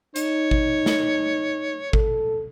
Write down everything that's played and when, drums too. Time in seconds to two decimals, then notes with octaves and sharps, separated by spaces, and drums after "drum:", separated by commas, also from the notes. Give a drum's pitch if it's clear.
0.16 D#4 C#5, drum: hi-hat
0.51 drum: kick G#1
0.86 drum: snare
1.93 A4, drum: kick G#1